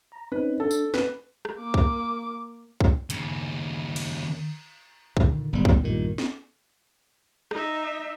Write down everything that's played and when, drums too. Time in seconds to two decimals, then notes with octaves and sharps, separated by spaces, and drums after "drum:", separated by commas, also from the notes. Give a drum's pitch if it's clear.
0.12 A#5
0.32 C4 C#4 D#4 B4
0.60 D4 A4
0.71 drum: tambourine
0.94 B3 B4, drum: snare
1.45 drum: rim click
1.57 A#3 D6
1.74 drum: kick B1
2.80 drum: kick B1
3.10 D#2 C#3, drum: hi-hat
3.96 drum: cymbal
5.17 A#2 D3 D#3, drum: kick B1
5.53 G#1 G3 B3
5.65 drum: kick B1
5.84 B1 G2 A#2 D#3 G3
6.18 drum: snare
7.51 D#4 E5, drum: rim click